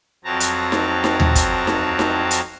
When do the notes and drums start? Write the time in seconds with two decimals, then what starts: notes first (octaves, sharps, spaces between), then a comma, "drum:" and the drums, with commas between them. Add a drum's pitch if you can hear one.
0.24 F2 F#3 C4 A5 A#5
0.40 drum: hi-hat
0.72 drum: snare D#4
1.04 drum: snare D#4
1.20 drum: tom D#2
1.35 drum: kick, hi-hat
1.67 drum: snare D#4
1.99 drum: snare D#4
2.31 drum: hi-hat